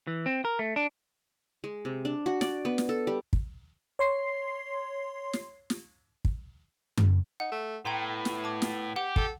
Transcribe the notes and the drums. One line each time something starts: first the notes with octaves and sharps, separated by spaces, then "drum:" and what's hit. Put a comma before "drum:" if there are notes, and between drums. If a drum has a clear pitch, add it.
E3
C4
A#4
A3
D4
G#3
C3
D4
F#4
D5, drum: snare
B3
drum: snare
A4
G3
drum: kick
C#5 C6 C7
drum: snare
drum: snare
drum: kick
drum: tom F#2
D#4 F#5
A3
A2 B3 G5 A#5 C6
drum: snare
A5 D6 G#6
drum: snare
G4 F#5
A4, drum: kick